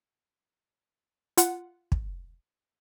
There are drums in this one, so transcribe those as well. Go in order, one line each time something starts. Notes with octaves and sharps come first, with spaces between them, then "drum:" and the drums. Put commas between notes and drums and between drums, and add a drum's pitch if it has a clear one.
F4 F#5, drum: hi-hat
drum: kick